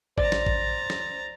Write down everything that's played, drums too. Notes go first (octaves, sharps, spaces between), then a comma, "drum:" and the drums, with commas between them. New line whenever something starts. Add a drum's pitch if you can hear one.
C5 D5 A#5 A6, drum: kick A1
drum: snare
drum: kick A1
drum: snare